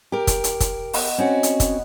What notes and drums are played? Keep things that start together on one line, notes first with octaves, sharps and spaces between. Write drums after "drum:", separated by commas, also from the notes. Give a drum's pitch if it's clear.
G4 A#4
drum: kick, hi-hat
drum: hi-hat
drum: kick, hi-hat
B3 D#5 F#5, drum: open hi-hat
C4 C#4 F#4
drum: hi-hat
drum: kick, hi-hat